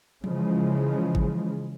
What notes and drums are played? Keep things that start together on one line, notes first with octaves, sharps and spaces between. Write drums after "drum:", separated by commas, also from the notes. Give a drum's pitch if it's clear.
C#3 E3 F3 G#3, drum: tom F3
drum: kick G#1